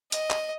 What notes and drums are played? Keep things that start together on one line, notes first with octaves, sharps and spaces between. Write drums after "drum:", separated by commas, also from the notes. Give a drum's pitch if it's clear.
D#5, drum: hi-hat
drum: clap